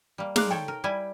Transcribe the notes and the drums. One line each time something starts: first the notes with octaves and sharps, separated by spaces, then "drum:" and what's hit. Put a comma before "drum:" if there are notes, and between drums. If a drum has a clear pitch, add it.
G3 A#3
G#3 D#4 A#4 F5 D6 F#6, drum: snare
A4 C#5 G5
A#4
G3 E4 G#5